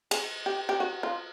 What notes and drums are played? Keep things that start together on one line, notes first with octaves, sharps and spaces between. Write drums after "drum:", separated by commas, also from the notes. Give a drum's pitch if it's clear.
G#4, drum: cymbal
G4
G4
F#4
F4